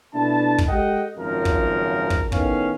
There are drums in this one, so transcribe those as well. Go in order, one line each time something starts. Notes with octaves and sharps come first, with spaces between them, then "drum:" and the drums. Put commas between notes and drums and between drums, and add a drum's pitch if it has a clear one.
B2 A3 D4 E4 A5
drum: kick
G#3 G4 A4 D#5 F#5 G5
G#1 C#2 F#2 F3 F#3 A#4
drum: kick
drum: kick
A2 D#3 B3 C#4 F5, drum: kick